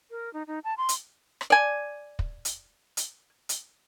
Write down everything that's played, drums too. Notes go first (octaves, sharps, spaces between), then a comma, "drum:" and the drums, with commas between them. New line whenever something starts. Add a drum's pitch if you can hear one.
A#4
D#4
D#4
A5
C6
drum: hi-hat
drum: rim click
D5 G#5
drum: kick
drum: hi-hat
drum: hi-hat
drum: hi-hat